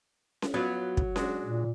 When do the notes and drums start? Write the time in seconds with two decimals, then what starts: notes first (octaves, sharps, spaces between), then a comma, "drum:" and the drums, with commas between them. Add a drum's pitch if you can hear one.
0.42 drum: snare C#4
0.54 F#3 B3 F4 B4
0.97 drum: kick
1.16 G#3 D4 F#4, drum: snare C#4
1.44 A#2